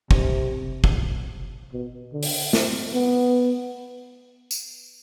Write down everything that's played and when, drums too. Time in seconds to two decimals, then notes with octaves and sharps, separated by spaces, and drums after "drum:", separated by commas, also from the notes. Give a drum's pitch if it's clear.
0.11 C3, drum: kick
0.84 drum: kick
1.72 B2
2.13 D3
2.23 drum: open hi-hat
2.53 C4, drum: snare
2.94 B3
4.51 drum: tambourine